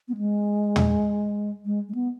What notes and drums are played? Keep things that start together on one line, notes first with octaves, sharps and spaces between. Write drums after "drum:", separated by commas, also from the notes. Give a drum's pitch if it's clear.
B3
G#3
drum: tom
G#3
G#3
B3